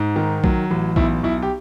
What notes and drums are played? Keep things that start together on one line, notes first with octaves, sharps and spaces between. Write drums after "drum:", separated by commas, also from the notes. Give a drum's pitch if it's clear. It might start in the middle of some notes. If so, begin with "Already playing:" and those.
Already playing: G#2
D#3
F#3, drum: kick A#1
A1
B1 E4, drum: kick A#1
B1 E4
G4